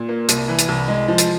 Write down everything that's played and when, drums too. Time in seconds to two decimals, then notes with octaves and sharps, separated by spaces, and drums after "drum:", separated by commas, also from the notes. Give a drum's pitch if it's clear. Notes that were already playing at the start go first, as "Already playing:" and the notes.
Already playing: A#2
0.09 A#3
0.28 C2, drum: hi-hat
0.48 E3
0.58 drum: hi-hat
0.68 C2
0.88 G#3
1.08 F3
1.18 drum: hi-hat